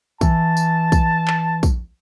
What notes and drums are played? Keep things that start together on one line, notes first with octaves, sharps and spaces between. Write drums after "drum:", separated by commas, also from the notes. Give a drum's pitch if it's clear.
E3 A5, drum: kick, tambourine
drum: tambourine
drum: kick, tambourine
drum: clap
drum: kick, tambourine